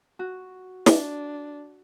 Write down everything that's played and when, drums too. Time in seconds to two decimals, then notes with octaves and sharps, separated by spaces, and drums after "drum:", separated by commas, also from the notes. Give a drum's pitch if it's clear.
0.19 F#4
0.86 D4, drum: snare